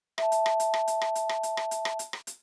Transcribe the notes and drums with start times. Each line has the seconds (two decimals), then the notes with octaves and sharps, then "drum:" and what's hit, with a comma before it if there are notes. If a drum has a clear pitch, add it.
0.18 E5 A5, drum: rim click
0.32 drum: hi-hat
0.46 drum: rim click
0.60 drum: hi-hat
0.74 drum: rim click
0.88 drum: hi-hat
1.01 drum: rim click
1.15 drum: hi-hat
1.29 drum: rim click
1.43 drum: hi-hat
1.57 drum: rim click
1.71 drum: hi-hat
1.85 drum: rim click
1.99 drum: hi-hat
2.13 drum: rim click
2.27 drum: hi-hat